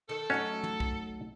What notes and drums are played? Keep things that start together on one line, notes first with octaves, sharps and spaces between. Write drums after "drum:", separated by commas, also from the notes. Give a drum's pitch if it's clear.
D#3 A4
F#3 A3 C#4 D#4 F#4 C#5
drum: tom
drum: kick B1